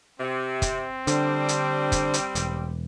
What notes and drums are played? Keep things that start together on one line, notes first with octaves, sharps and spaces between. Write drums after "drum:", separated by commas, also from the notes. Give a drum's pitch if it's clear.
C3 C4
drum: kick, hi-hat
D3 G3 D4 C5, drum: hi-hat
drum: hi-hat
drum: kick, hi-hat
drum: hi-hat
E1, drum: hi-hat